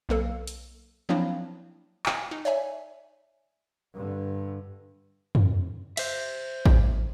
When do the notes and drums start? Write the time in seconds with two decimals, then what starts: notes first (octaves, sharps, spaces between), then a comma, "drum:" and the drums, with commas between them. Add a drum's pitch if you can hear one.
0.09 B1 A#3 A4
0.47 drum: hi-hat
1.09 F3 F#3 A#3 C4 D4 E4
2.06 G5 G#5 F#6, drum: clap
2.31 D#4
2.45 C#5 D5 E5 G#5
3.94 G2 D3
5.35 drum: tom
5.97 C5 E5, drum: cymbal
6.66 drum: kick